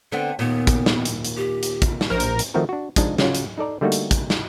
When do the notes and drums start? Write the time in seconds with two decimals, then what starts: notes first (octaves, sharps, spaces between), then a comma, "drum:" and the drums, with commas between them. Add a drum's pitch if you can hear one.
0.12 D3 B3 C4 F#5
0.39 D#2 A#2 B3
0.67 drum: kick, hi-hat
0.86 drum: snare
1.05 drum: hi-hat
1.25 drum: hi-hat
1.37 G4
1.63 drum: hi-hat
1.82 drum: kick, hi-hat
2.01 drum: snare
2.10 A#1 A#4 C5
2.20 drum: hi-hat
2.39 drum: hi-hat
2.54 D#3 F3 A3 C4 F#4 A#4
2.69 D4 F#4
2.96 F3 G#3 D4 D#4, drum: kick, hi-hat
3.18 C#3 F#3 C#4 F4, drum: snare
3.35 drum: hi-hat
3.58 D#4 A4 D5 A#5
3.81 D3 G3 A3 A#3 D#4 F#4
3.92 drum: hi-hat
4.11 drum: kick, hi-hat
4.30 drum: snare